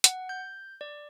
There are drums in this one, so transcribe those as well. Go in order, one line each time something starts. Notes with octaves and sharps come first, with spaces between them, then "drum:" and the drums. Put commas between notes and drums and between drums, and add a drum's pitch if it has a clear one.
F#5, drum: hi-hat
G6
D5